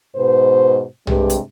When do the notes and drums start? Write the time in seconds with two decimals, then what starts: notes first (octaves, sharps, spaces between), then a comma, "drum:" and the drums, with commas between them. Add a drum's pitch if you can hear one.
0.16 G#2 B2 B4 C5
1.07 G2 C3 G#3 G4 B4, drum: tom B1
1.30 drum: hi-hat